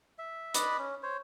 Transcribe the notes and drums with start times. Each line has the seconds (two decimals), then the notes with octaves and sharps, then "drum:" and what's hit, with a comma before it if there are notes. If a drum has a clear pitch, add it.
0.19 E5
0.54 B4 D5 D#5 B5, drum: hi-hat
0.78 C#4
1.03 C5 C#5